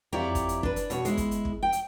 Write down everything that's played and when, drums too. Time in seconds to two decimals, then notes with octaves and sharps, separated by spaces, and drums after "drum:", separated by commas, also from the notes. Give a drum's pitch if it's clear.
0.12 F2 E4 G4 C#5 D5 A#5
0.35 drum: kick, hi-hat
0.49 drum: hi-hat
0.63 D4 B4, drum: kick
0.76 drum: hi-hat
0.90 B2 C#5, drum: hi-hat
1.05 G#3 E4, drum: hi-hat
1.17 drum: kick, hi-hat
1.31 drum: hi-hat
1.45 drum: kick
1.63 G5
1.72 drum: hi-hat